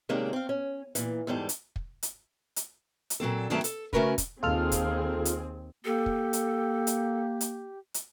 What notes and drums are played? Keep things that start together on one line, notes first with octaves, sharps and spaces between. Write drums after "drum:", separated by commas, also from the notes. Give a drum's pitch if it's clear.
C3 D#3 G#3 A#3 C#4 D4
C4 F5
C#4
A#2 E3, drum: hi-hat
E2 G#2 G3 A4
drum: hi-hat
drum: kick
drum: hi-hat
drum: hi-hat
drum: hi-hat
A#2 F#3 C4 A4
G2 D#3 F#3 A3 C4 A5
A4, drum: hi-hat
C#3 A3 C#4 F#4 A#4 B4, drum: kick
drum: kick, hi-hat
D#2 C4 F4 G#4 A4 F6
drum: kick, hi-hat
drum: hi-hat
A#3 G4 A4
drum: kick
drum: hi-hat
drum: hi-hat
drum: hi-hat
drum: hi-hat